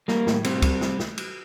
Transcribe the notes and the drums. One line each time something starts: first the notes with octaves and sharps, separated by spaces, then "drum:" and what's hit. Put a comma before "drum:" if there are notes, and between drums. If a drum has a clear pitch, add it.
G3 A#3, drum: snare
A2, drum: snare
G3 C4, drum: cymbal
G3, drum: kick, cymbal
drum: snare
drum: snare
drum: cymbal